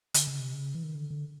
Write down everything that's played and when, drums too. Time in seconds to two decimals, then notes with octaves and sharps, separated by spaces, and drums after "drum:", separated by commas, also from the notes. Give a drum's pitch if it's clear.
0.14 D3, drum: hi-hat
0.27 C#3
0.40 C3
0.54 C#3
0.74 E3
0.84 D#3
0.95 D3
1.10 D3